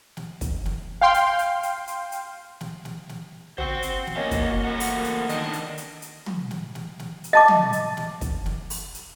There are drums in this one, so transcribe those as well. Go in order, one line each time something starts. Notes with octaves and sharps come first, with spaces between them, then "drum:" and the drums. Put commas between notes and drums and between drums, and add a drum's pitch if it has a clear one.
drum: snare
drum: kick, hi-hat
drum: snare
F5 G5 C6
drum: hi-hat
drum: hi-hat
drum: hi-hat
drum: hi-hat
drum: hi-hat
drum: snare
drum: snare
drum: snare
F#4 C5 G5, drum: tom
drum: hi-hat
drum: snare
A#3 C#4 C#5 D#5 F5
drum: kick, hi-hat
F#4
A3 A#4 F#5
drum: open hi-hat
drum: hi-hat
D#3 D4 D#5 G5, drum: hi-hat
drum: hi-hat
drum: hi-hat
drum: hi-hat
drum: tom
drum: snare
drum: snare
drum: snare
drum: hi-hat
D#5 A5 D6
drum: tom
drum: hi-hat
drum: snare
drum: kick, hi-hat
drum: snare
drum: open hi-hat
drum: hi-hat